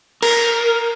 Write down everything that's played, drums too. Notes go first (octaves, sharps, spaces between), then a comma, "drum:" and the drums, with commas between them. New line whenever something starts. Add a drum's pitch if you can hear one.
A#4, drum: cymbal